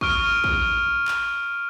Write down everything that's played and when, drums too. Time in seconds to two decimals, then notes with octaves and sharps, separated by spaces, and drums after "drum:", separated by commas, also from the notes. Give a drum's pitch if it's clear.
0.01 C#6 D#6 F6 D7, drum: kick
0.44 drum: kick
1.08 drum: clap